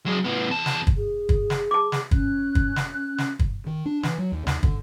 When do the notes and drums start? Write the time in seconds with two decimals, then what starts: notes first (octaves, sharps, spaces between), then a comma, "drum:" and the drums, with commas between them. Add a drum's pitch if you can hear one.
0.06 F#3 G#4
0.24 A2 B3
0.49 E2 A5
0.66 drum: snare
0.87 drum: kick
0.97 G#4
1.29 drum: kick
1.50 drum: snare
1.71 A5 D6
1.92 drum: snare
2.11 C#4 F#6, drum: kick
2.55 drum: kick
2.76 drum: snare
3.18 drum: snare
3.39 drum: kick
3.67 D#3
3.85 D4
4.03 E3, drum: snare
4.18 F#3
4.32 D#2
4.47 D#2, drum: snare
4.63 D3, drum: kick